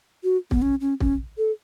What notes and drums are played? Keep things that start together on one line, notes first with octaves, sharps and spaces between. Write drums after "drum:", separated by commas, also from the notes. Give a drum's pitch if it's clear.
F#4
B3, drum: kick
C#4
C#4
C#4, drum: kick
A4